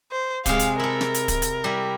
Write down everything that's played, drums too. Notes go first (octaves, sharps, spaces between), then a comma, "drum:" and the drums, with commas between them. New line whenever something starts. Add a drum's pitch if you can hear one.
C5
C3 G#3 F5, drum: kick, hi-hat
drum: hi-hat
E4 A4 A#4
drum: snare
drum: hi-hat
drum: kick, hi-hat
drum: hi-hat
G3 E4